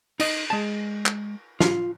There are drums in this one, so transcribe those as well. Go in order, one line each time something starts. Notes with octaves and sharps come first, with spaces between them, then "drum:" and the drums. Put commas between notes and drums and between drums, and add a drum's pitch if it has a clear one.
D#4 D#5, drum: cymbal
G#3 A5
drum: clap
F4, drum: snare